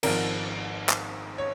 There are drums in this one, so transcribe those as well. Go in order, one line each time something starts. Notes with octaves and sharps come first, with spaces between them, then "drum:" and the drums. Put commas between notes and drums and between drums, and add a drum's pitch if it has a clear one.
G#1 G#2 F3 A#4, drum: cymbal
drum: clap
C#5